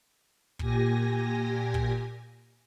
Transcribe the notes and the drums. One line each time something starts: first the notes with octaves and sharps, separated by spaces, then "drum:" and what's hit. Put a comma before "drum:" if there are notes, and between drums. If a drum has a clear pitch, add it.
A#2 G4 G#5 A#6, drum: kick
drum: kick